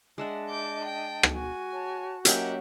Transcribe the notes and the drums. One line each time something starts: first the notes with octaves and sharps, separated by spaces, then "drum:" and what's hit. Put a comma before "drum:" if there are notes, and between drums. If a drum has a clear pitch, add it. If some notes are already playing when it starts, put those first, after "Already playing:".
G#3 D4 D#5 E5 F#5 A5
D6 G6
G5
drum: rim click
F#4 G#5
C#5 A5
F#3 A#3 C#4 G4 A#4 D#5 E5 F#5, drum: hi-hat